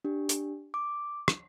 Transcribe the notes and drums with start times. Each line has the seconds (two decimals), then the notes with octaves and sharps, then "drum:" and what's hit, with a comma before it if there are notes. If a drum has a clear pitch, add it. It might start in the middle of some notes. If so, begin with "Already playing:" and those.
0.05 D4 G4
0.29 drum: hi-hat
0.74 D6
1.28 drum: rim click